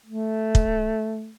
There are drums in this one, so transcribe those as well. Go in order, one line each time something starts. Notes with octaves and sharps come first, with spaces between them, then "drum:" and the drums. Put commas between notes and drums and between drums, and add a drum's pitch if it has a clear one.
A3
drum: kick